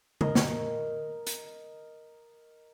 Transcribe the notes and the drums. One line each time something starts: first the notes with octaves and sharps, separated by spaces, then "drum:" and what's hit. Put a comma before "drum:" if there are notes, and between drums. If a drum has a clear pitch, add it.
A#4 D#5, drum: tom C#3
drum: snare
drum: hi-hat